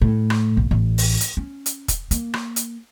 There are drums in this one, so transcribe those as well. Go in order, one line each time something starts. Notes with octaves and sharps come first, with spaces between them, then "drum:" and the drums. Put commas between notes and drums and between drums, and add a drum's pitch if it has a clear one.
A2
drum: rim click
A#1
A1
drum: open hi-hat
drum: hi-hat
C#4
drum: hi-hat
drum: kick, hi-hat
A#3, drum: hi-hat
drum: rim click
drum: hi-hat